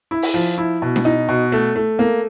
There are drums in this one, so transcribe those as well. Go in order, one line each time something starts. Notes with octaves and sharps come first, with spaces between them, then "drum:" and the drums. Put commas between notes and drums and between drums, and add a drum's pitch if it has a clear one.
E4
drum: open hi-hat
F3
E4
B2
drum: snare D4
D#4
B2
A3
A3
A#3